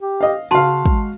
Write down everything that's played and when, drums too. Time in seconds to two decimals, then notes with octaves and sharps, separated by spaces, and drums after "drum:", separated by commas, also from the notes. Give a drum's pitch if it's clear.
0.01 G4
0.21 D#5 F5
0.51 C#3 F#4 F5 A5 C6
0.86 G#3, drum: kick